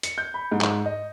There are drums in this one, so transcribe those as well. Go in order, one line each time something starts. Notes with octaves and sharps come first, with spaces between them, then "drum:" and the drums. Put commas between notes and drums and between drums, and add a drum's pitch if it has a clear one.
C#7, drum: hi-hat
G6
B5
G#2
drum: clap
D#5